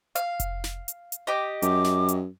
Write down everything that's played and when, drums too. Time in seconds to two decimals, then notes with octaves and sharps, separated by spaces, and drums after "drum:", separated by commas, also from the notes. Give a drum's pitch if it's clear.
0.15 F5, drum: hi-hat
0.40 drum: kick F1, hi-hat
0.64 drum: snare
0.88 drum: hi-hat
1.12 drum: hi-hat
1.27 G4 D#5
1.62 F#2 D6, drum: hi-hat
1.84 drum: snare
2.08 drum: hi-hat